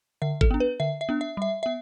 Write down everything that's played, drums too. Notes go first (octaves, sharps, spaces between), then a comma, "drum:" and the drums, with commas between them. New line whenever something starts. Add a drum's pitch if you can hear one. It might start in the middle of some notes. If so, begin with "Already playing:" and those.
D3 E5
A4, drum: kick
B3 D4
B4
D3 E5
E5
B3 D4
E5
G3 E5
B3 E5